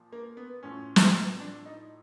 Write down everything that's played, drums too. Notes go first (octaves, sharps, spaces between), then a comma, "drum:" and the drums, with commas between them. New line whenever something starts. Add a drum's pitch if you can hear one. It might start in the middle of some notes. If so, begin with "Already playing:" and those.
Already playing: A#2 F3
A#3
B3
A2 F3 C#4
drum: snare
D4
D#4